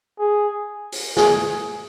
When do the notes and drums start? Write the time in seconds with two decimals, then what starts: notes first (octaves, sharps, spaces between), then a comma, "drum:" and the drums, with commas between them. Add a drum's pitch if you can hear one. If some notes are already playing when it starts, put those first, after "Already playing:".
0.19 G#4
0.92 drum: open hi-hat
1.17 G#4, drum: snare